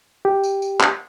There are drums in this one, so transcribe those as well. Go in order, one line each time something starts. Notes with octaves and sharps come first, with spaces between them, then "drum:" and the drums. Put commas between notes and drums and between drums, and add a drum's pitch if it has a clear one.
G4
drum: tambourine
drum: tambourine
drum: clap